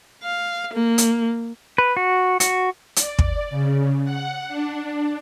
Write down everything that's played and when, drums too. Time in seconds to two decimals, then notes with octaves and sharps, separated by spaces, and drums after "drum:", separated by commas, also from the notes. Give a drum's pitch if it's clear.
0.23 F5
0.73 A#3
0.98 drum: hi-hat
1.78 B4
1.97 F#4
2.40 F#4, drum: hi-hat
2.96 D5, drum: hi-hat
3.19 drum: kick
3.50 C#3
4.04 F#5
4.48 D4